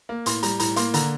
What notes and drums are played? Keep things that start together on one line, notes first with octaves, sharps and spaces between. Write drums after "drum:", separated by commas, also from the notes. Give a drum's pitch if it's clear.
A#3
A2 C6, drum: hi-hat
G3 A#5, drum: hi-hat
A2 A#5, drum: hi-hat
A#3 C6, drum: hi-hat
D3 A#5, drum: hi-hat